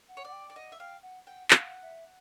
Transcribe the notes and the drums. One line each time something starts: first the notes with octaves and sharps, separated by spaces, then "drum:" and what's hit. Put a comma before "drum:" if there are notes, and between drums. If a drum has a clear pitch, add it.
F#5
C#5
D5 F#5
G5
D5 G5
D#5 F#5
E5
F5 G5
F#5
F#5 G5
F5 F#5, drum: clap
E5